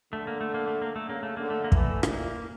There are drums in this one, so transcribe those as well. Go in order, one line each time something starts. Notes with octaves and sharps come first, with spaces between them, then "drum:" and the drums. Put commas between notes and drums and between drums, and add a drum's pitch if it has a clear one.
D3 A3
A#3
A3
A#3
A3
A#3
A3
C#3 A#3
A3
D3 A#3
A3
A#3
E3, drum: kick
A3
A#2 A#3, drum: rim click